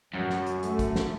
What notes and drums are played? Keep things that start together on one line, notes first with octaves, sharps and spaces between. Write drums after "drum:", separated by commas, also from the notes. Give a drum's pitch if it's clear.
F#2 F#3
drum: snare
drum: hi-hat
A3, drum: hi-hat
drum: kick, hi-hat
drum: snare